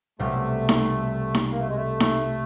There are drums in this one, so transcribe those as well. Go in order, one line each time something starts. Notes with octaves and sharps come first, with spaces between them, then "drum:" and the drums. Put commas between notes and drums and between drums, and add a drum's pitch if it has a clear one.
C2 B2 G3 A3
drum: snare D#4
drum: snare D#4
A#3
A3
G#3
A3
drum: snare D#4